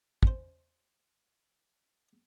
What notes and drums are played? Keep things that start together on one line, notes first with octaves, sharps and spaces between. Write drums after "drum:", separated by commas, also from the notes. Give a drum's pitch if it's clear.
C#4 C5, drum: kick